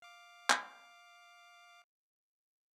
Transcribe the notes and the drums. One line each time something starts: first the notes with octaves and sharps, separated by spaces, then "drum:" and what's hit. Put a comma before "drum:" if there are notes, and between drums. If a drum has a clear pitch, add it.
F5 D6
drum: clap